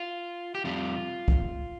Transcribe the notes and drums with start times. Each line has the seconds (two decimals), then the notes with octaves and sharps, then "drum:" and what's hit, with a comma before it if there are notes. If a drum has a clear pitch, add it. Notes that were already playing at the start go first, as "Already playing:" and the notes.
Already playing: F4
0.55 G4
0.64 F2 C3 G3 F4
1.28 drum: kick